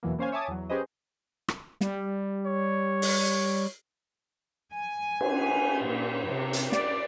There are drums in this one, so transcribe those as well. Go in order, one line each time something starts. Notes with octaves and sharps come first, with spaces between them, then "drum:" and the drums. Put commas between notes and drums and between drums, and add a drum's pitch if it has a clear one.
E2 B2 E3 F#3 A#3
A#3 C#4 C5 C#5 F5 G#5
C#5 E5 G#5 A5 D6 D#6
E2 F#3
C#4 G4 G#4 B4 C5 D#5
drum: rim click
G3, drum: snare
C#5
drum: open hi-hat
G#5
drum: cymbal
A#2
C3
drum: hi-hat
D5, drum: snare